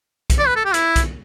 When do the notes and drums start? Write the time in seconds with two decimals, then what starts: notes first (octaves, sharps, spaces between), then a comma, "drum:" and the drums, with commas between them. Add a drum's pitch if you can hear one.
0.30 drum: kick B1, hi-hat
0.39 D5
0.47 B4
0.56 A4
0.65 G4
0.74 E4, drum: hi-hat
0.96 drum: kick B1, hi-hat